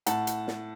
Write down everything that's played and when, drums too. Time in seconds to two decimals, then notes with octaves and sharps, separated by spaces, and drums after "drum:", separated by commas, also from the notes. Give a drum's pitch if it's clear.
0.06 A2 F#5 A5, drum: hi-hat
0.27 drum: hi-hat
0.47 drum: snare